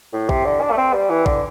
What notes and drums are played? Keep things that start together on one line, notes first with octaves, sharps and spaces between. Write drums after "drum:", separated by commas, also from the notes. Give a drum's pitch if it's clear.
A2
C3, drum: kick A#1
D3
D4
A3
C4
G3
E3
D3, drum: kick A#1